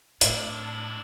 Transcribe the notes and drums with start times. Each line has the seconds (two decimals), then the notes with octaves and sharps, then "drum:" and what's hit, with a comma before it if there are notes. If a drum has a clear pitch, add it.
0.21 A2 D4 E4, drum: hi-hat